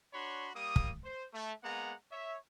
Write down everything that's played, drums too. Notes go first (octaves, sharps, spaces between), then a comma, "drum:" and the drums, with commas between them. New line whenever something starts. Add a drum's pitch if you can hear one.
D4 F#4 C#5 B5 C6
G3 A#3 D#6
drum: kick
C5
A3
G#3 A#3 B3 F#5 A#5
C#5 E5